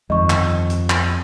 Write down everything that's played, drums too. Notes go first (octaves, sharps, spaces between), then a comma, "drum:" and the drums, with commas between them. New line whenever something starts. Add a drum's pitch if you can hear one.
G1 F2 D#3 G#3 D#5 C#6
drum: clap
drum: hi-hat
drum: clap